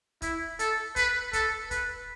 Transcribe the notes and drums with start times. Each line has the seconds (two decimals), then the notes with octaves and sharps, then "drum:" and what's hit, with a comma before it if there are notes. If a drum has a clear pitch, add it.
0.22 E4, drum: kick, hi-hat
0.59 A4, drum: hi-hat
0.96 B4, drum: kick, hi-hat
1.33 A4, drum: kick, hi-hat
1.71 B4, drum: kick, hi-hat